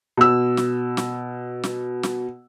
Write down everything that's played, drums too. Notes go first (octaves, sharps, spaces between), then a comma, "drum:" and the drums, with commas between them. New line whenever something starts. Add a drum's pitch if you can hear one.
B2 E6
drum: snare
drum: snare
drum: snare
drum: snare